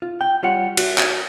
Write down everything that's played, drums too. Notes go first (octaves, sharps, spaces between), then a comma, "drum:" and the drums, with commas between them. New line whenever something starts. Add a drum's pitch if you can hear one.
F4
G5
G3 F4 C#5 F#5
F#4, drum: cymbal
drum: clap